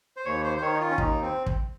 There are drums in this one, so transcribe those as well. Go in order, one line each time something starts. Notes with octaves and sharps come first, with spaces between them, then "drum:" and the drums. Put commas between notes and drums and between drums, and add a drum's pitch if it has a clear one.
C5
D#2 C#5
C5
C5
D#3 C#5
D#4
F4
C#4
D#2 D#4, drum: kick
C4
drum: kick